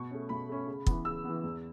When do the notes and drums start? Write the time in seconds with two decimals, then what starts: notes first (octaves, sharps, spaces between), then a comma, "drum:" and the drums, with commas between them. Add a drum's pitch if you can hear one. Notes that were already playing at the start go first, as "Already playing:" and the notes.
Already playing: B2 C#6
0.11 A3 C#4
0.29 B2 B5
0.49 A3 C#4
0.67 C#3
0.87 E3 B3, drum: kick
1.05 C#3 E6
1.25 E3 B3
1.43 E2